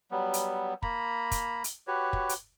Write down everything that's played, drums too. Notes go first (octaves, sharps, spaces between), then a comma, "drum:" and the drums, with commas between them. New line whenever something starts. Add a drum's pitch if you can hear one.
F#3 G3 B3
drum: hi-hat
A#3 A#5 B5, drum: kick
drum: kick, hi-hat
drum: hi-hat
F#4 G4 B4 C#5
drum: kick
drum: hi-hat